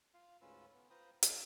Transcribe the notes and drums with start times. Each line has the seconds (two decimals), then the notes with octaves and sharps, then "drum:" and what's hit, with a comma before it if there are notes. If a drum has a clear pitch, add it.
0.14 F4 F5
0.41 D2 G#2 C#4 F4 B4 E6
0.74 B3
0.90 F4 B4 C5 G5 A#5 D#6
1.23 D#3 A5, drum: hi-hat